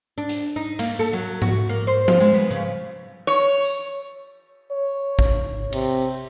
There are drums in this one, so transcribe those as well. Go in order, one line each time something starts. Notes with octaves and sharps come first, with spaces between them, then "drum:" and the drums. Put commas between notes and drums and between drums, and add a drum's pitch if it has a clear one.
D4
drum: hi-hat
D#4
A#3, drum: cymbal
A4
F#3
F#4, drum: tom G#2
A#3
C5
F3, drum: tom
G#3
B3
C#3
C#5
drum: tambourine
C#5
drum: kick A1
C3, drum: cymbal